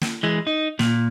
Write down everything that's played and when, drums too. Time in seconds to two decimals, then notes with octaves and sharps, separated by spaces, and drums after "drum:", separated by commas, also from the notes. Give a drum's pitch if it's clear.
0.01 drum: snare
0.23 E3 G#3
0.47 D#4
0.79 A#2, drum: snare